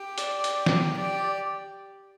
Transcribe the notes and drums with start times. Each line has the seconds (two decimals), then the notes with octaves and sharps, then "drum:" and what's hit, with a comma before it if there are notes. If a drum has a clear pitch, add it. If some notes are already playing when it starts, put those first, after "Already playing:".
Already playing: G4
0.18 D5, drum: hi-hat
0.44 drum: hi-hat
0.66 drum: snare
0.97 G4 D5
1.24 D5